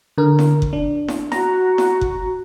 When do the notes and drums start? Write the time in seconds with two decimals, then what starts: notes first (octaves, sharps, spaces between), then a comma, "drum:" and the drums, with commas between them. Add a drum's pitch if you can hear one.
0.18 D3 A#4
0.39 drum: snare E4
0.62 drum: kick F#1
0.73 D4
1.08 drum: snare E4
1.32 F#4 A#5, drum: snare E4
1.78 drum: snare E4
2.01 drum: kick F#1